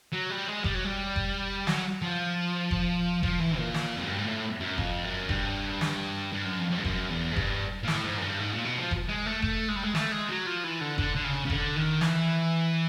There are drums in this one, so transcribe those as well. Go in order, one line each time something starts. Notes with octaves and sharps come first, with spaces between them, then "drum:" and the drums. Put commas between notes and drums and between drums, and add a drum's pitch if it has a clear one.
F#3
G3
G#3
G3, drum: kick F1
F#3
G3
drum: kick F1
F#3, drum: snare
F3
drum: kick F1
F3, drum: kick F1
E3
A#2
drum: snare
F2
F#2
G2
G#2
A2
F#2
F2, drum: kick F1
F#2
G2, drum: kick F1
drum: snare
G2
F#2
F2
F2
G2
F#2, drum: kick F1
E2
G#2
G2, drum: kick F1
A#2
A2, drum: snare
G#2
F#2
G2
G#2
A#2
B2
F3
drum: kick F1
G#3
A3
A3, drum: kick F1
G#3
G3
G#3
A3, drum: snare
G#3
F#3
F3
E3
D3
D3, drum: kick F1
D3
C#3
C#3
D3, drum: kick F1
D#3
E3, drum: snare